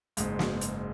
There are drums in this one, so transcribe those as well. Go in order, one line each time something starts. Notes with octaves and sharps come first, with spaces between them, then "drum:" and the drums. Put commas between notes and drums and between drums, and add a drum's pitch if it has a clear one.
F#1 G#2, drum: hi-hat
drum: snare
drum: hi-hat